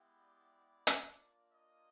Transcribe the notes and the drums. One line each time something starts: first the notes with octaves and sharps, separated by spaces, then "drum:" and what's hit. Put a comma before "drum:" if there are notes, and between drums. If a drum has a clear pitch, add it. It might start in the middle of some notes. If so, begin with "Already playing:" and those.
Already playing: G#3 B3 E4 G4
D5
A#3 D4 F4, drum: hi-hat
D#5